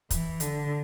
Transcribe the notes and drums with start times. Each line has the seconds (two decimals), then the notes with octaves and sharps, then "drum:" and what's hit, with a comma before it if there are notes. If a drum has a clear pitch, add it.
0.11 E3, drum: kick, hi-hat
0.40 D3, drum: hi-hat